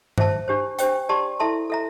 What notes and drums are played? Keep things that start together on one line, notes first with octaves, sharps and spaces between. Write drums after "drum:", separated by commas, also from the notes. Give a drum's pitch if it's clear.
C5 E5 A5, drum: tom G2
D4 G4 C5
D4 G4 C5 G5, drum: hi-hat
G4 D5 A5 C6
E4 A4 E5 A5 C6
A4 E5 A#5